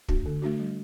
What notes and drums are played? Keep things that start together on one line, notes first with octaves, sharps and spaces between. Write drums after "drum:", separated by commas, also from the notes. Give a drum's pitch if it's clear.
A3 D4 F#4, drum: kick
D3
A3 D4 F#4
G3